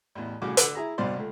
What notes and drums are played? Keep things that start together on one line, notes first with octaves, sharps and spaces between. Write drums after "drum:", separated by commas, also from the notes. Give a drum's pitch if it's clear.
A1 E2
C2 A2 C#3 F#4 D6
D3 F#5 D6, drum: hi-hat
E4 G#4 A#5
C2 G2 B2 C5 D5 C6
C#2 A3